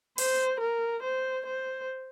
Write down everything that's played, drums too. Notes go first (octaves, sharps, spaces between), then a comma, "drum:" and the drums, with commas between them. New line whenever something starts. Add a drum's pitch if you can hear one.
C5, drum: open hi-hat
A#4
C5
C5